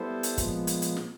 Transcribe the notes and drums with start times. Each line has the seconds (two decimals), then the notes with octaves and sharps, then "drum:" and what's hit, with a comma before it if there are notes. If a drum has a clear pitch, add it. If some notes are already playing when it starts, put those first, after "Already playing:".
Already playing: G3 B3 E4 A4 C5
0.23 drum: hi-hat
0.38 A#2 F3 G#3 B3, drum: kick, hi-hat
0.67 drum: hi-hat
0.82 drum: hi-hat
0.97 drum: snare